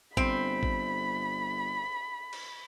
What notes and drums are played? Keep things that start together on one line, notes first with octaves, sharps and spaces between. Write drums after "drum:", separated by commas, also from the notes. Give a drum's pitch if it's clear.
G1 C4 B5, drum: kick A1
drum: kick A1
drum: cymbal